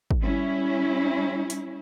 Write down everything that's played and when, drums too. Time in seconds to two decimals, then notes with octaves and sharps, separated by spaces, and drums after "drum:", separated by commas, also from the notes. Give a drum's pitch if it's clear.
0.11 drum: kick
0.21 G3 C#4 E4
1.50 drum: hi-hat